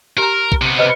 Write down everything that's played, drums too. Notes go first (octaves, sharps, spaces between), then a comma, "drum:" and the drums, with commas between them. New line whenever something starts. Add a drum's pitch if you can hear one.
G4 A#4 A#5
drum: kick A#1
C3 B3
B4 C5 D#5